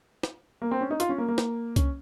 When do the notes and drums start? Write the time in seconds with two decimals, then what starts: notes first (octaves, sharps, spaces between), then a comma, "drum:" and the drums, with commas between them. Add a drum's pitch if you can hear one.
0.23 drum: snare
0.62 A#3
0.71 C4
0.81 C#4
0.91 D#4
1.00 F4, drum: hi-hat
1.09 C#4
1.18 A#3
1.29 A#3
1.38 drum: snare
1.76 C#4, drum: kick C2, hi-hat